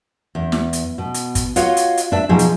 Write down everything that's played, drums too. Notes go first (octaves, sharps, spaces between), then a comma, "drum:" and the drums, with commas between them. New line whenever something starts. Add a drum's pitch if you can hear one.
E2
drum: snare
drum: hi-hat
B2
drum: hi-hat
drum: kick, hi-hat
F4 F#4 C#5 D#5 F5 F#5, drum: hi-hat
drum: hi-hat
drum: hi-hat
D4 E5
B2 F3 D#4 G#4
drum: hi-hat